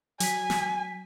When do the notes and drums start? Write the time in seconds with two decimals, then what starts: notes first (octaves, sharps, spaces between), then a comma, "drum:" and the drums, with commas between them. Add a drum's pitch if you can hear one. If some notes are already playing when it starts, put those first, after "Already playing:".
0.20 F#3 G#5 B6, drum: hi-hat
0.50 drum: snare